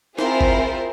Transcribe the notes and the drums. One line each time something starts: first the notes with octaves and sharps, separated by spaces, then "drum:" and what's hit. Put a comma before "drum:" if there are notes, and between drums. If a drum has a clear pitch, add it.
C4 E4 F4 G#4 A#4 C5, drum: snare
drum: kick G1